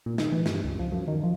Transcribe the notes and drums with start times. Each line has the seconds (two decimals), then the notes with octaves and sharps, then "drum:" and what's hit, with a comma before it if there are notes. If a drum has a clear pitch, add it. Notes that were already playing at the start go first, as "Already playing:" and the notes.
0.06 A#2
0.18 D#3, drum: snare
0.32 E3
0.46 G2, drum: snare
0.64 C#2
0.79 F3
0.92 F#2
1.08 D#3
1.23 F3